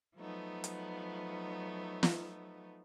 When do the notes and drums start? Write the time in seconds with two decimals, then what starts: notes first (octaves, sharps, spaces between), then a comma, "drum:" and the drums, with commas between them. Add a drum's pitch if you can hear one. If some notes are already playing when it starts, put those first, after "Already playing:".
0.16 F3 F#3 A3 B3 D#4
0.64 drum: hi-hat
2.03 drum: snare